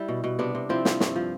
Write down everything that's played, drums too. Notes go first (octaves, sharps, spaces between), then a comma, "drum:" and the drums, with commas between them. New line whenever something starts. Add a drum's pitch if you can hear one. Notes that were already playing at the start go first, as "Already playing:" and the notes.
Already playing: G3 E4
B2
B2
C3 B3 D4
C3
F3 C4 E4
F3, drum: snare
G2, drum: snare
F3